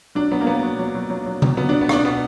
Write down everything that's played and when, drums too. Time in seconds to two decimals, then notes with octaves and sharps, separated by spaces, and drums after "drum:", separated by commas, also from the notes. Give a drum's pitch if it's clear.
0.15 F#3 D4
0.31 F#3 B3
0.41 A#3
0.47 F#3 B3
0.63 F#3
0.79 F#3
0.95 F#3
1.10 F#3
1.26 F#3
1.42 B2, drum: tom C3
1.57 F#3 B3
1.69 B2 D4
1.81 B3
1.89 B2 D4, drum: rim click
2.05 B2 B3